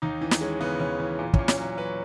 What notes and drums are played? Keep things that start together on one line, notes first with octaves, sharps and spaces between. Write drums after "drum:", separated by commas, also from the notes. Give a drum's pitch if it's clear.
D#2 D#4
E3
drum: snare
G#3 C#4
C#3 B3
D#2 C#4
E3
A#2
C#4, drum: kick
A#2
C#4, drum: snare
F#3
C#4
F#3 B4